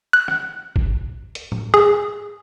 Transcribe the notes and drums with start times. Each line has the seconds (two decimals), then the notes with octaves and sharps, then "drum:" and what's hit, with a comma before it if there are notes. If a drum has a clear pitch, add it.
0.13 F#6
0.28 drum: rim click
0.76 drum: kick
1.35 drum: hi-hat
1.52 drum: tom A2
1.74 G#4